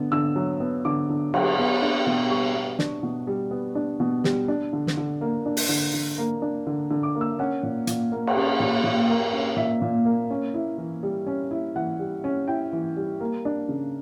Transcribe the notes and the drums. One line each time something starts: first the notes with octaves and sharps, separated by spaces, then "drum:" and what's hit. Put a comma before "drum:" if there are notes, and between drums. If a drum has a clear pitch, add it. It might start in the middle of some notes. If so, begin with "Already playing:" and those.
Already playing: D3 B3
D3 E6
F#3
B3
D3 D6
D3
F#3, drum: cymbal
B3
D4
B2
G3 C#6
B3
D4, drum: snare
B2
G3
B3
D4
B2
G3, drum: snare
D4
D3
drum: snare
D3
A#3
D4
drum: open hi-hat
D3
D3
A#3
D4
D3
D3
D6
A#3
E6
C#4 F#5
A#2
A#2, drum: hi-hat
A#3
drum: cymbal
C#4
A#2
A#2
A#3
C#4
A#2 E5
A#2
A#3
C#4
E4
E3
G3
C#4
E4
E3 F#5
G3
C#4
E4 G5
E3
G3
A#3
D4
C#3